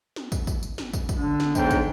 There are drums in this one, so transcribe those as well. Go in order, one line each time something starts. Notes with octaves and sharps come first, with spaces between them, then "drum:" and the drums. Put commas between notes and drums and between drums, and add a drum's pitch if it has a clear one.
drum: snare
drum: kick, tambourine
drum: kick, tambourine
drum: tambourine
drum: snare
drum: kick, tambourine
drum: kick, tambourine
D3
drum: snare
B1 G#2 G5, drum: kick, tambourine
drum: kick, tambourine